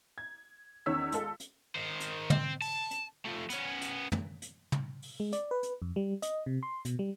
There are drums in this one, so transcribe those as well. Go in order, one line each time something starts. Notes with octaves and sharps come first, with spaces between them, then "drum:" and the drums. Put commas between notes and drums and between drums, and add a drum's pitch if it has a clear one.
G#6
E2 D#3 C#4 C#5 E6 B6
G#3 F4 A4, drum: hi-hat
drum: hi-hat
D#3 C5
drum: hi-hat
C4 C5, drum: tom
A5, drum: open hi-hat
drum: hi-hat
F3 A3
B3 C#4, drum: hi-hat
drum: hi-hat
drum: tom
drum: hi-hat
drum: tom
drum: open hi-hat
G#3
D5, drum: hi-hat
B4
drum: hi-hat
F2
G3
D#5, drum: hi-hat
C3
C6
B2, drum: hi-hat
G3